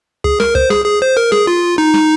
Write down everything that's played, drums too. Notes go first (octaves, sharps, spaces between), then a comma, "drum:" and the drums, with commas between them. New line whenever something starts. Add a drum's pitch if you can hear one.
G#4, drum: kick C#2
A#4, drum: snare
C5, drum: kick C#2
G#4, drum: snare
G#4
C5
A#4
G#4, drum: snare
F4
D#4
drum: snare